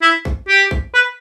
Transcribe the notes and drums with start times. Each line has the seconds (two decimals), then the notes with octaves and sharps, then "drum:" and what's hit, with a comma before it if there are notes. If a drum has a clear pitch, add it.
0.02 E4
0.25 drum: kick
0.48 G4
0.71 drum: kick
0.94 B4